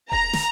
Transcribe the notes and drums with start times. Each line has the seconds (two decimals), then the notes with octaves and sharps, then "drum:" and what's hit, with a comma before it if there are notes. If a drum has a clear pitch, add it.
0.12 A#5, drum: kick E1
0.33 drum: snare